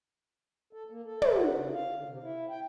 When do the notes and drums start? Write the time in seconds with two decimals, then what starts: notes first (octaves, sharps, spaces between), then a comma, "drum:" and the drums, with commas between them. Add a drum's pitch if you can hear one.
0.73 A4
0.90 A#3
1.06 A4
1.22 E5, drum: tom
1.38 F#5
1.54 C#3
1.74 F5
1.95 D3
2.08 C3
2.23 E4
2.50 G5